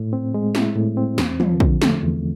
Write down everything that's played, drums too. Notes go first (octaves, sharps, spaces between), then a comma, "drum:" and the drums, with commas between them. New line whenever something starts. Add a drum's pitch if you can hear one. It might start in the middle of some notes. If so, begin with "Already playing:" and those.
Already playing: A2
C4
G#3
E4, drum: snare
A2
C4
E2, drum: snare
F3, drum: tom
D3, drum: kick
A3, drum: snare
E2